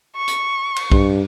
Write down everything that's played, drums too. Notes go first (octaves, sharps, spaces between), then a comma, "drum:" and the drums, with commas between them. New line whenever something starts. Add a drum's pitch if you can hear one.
C#6
drum: hi-hat
drum: cymbal
G2, drum: kick B1